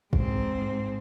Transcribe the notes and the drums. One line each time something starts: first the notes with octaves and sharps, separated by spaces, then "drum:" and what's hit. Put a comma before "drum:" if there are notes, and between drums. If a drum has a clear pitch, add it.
G#2 C4, drum: kick